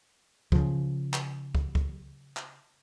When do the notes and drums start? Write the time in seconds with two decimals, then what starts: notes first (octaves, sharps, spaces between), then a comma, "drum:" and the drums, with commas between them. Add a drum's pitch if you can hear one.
0.52 C#3 F3, drum: kick
1.14 drum: clap
1.55 drum: kick
1.75 drum: kick
2.37 drum: clap